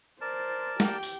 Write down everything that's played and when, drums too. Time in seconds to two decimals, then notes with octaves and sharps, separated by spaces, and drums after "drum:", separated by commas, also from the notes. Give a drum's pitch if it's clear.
0.21 A#4 C5 D5 A5
0.80 G4 G5, drum: snare
1.03 drum: tambourine